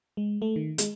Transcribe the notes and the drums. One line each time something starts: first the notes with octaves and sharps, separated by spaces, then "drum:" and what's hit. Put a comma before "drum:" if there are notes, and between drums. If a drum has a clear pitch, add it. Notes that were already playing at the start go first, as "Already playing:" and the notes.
G#3
A3
D#3
G#3, drum: hi-hat